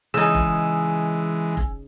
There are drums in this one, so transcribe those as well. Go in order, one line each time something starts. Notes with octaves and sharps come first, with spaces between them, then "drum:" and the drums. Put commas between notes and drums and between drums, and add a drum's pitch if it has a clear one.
C#3 E3 G#3 D#4 G#5 E6
drum: kick F1
drum: kick F1